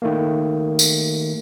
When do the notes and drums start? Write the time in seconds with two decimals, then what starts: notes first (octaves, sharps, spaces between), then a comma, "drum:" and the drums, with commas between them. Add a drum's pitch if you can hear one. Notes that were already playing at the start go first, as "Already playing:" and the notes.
0.02 D#3 A3 A#3
0.79 drum: tambourine